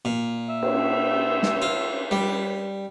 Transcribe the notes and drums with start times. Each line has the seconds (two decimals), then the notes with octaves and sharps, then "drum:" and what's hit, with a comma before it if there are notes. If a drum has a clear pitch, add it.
0.05 A#2
0.49 E5
0.63 drum: cymbal
1.43 drum: snare
1.62 F4
2.11 G3